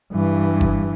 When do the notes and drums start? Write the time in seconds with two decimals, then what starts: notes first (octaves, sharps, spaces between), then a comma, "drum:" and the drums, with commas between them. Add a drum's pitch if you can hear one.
0.12 G2 E3
0.61 drum: kick F#1